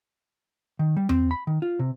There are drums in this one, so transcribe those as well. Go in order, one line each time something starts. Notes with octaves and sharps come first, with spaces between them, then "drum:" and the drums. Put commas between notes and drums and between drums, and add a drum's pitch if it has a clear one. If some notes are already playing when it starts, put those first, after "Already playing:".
D#3
G3
C4, drum: tom E2
B5
D#3
F4
C3